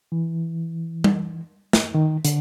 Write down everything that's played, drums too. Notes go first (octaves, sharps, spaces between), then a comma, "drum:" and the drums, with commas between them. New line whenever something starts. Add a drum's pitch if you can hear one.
E3
drum: tom G3
drum: snare
D#3
D3, drum: hi-hat